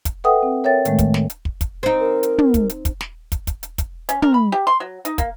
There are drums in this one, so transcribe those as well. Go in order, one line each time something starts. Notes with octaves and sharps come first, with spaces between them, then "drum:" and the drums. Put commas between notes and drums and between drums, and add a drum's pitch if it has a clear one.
drum: kick, hi-hat
A4 B4 E5 F#5 G5 D#6
C4
A#4 C#5 E5 G5 A6
A2 D#3 G#3 A3, drum: hi-hat
drum: kick, hi-hat
drum: snare
drum: hi-hat
drum: kick
drum: kick, hi-hat
C4 D#4
A#4
drum: hi-hat
drum: tom
drum: kick, hi-hat
drum: hi-hat
drum: kick, hi-hat
drum: snare
drum: kick, hi-hat
drum: kick, hi-hat
drum: hi-hat
drum: kick, hi-hat
C#4, drum: hi-hat
A#4, drum: tom
B5
G4
C6
F#3
D#4, drum: hi-hat
A#3, drum: kick, hi-hat